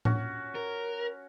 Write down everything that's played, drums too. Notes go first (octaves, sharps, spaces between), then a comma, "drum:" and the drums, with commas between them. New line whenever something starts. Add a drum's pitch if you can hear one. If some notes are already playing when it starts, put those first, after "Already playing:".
C#4 F#4, drum: tom A2
A#4